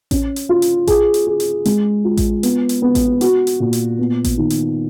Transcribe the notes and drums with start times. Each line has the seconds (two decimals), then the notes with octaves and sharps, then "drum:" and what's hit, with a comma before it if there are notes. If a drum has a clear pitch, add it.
0.11 C#4, drum: kick A1, hi-hat
0.36 drum: hi-hat
0.49 F4
0.62 drum: hi-hat
0.87 G#4, drum: kick A1, hi-hat
1.14 drum: hi-hat
1.27 G#4
1.40 drum: hi-hat
1.65 G#3, drum: hi-hat
2.04 F4
2.17 drum: kick A1, hi-hat
2.43 B3, drum: hi-hat
2.69 drum: hi-hat
2.82 B3
2.95 drum: kick A1, hi-hat
3.21 F#4, drum: hi-hat
3.47 drum: hi-hat
3.60 A#2
3.73 drum: hi-hat
3.99 B3
4.24 drum: kick A1, hi-hat
4.38 D#3
4.50 drum: hi-hat